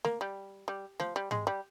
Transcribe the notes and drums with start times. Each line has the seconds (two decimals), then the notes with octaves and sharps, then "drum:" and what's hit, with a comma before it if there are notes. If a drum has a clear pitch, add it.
0.05 A#3, drum: snare A3
0.21 G3
0.68 G3
1.00 F3, drum: snare A3
1.16 G3
1.31 G#3, drum: tom G#2
1.47 G3